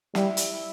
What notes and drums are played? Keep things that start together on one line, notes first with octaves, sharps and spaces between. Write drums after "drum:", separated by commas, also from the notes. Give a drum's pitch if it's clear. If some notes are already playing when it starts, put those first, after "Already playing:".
G3 E4, drum: snare
drum: hi-hat